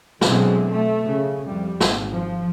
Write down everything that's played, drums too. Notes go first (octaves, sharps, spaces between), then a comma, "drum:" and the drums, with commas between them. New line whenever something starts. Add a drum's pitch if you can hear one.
B2 D3 E3 F#3 G#3 C4, drum: snare
A3
C#3
F2 G3
G#1, drum: snare
F3